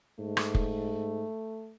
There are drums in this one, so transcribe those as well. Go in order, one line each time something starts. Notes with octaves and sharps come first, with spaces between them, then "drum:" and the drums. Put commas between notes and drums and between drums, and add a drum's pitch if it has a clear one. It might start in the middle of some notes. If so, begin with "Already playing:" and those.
G#2 A3
drum: rim click
drum: kick F1